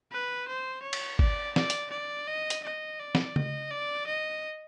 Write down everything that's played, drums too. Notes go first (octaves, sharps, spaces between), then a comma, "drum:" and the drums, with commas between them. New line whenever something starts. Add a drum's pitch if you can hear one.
B4
C5
C#5
drum: cymbal
D5, drum: kick G#1
D5, drum: snare
drum: hi-hat
D5
D#5
drum: hi-hat
D#5
D5
drum: snare
D#5, drum: tom C#3
D5
D#5